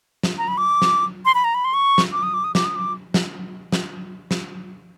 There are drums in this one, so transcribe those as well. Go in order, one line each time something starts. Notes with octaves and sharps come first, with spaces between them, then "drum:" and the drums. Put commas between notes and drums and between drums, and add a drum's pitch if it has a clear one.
drum: snare
A#5
B5
D6
drum: snare
C6
B5
A#5
B5
C6
C#6
drum: snare
D6
D#6
D6
D#6
D6, drum: snare
D#6
D6
drum: snare
drum: snare
drum: snare